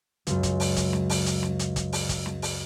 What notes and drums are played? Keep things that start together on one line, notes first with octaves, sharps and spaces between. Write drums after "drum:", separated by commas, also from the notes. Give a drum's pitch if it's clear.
C#2 F#2, drum: hi-hat
drum: kick, hi-hat
drum: open hi-hat
drum: kick, hi-hat
drum: snare
drum: open hi-hat
drum: hi-hat
drum: snare
drum: hi-hat
drum: kick, hi-hat
drum: open hi-hat
drum: kick, hi-hat
drum: snare
drum: open hi-hat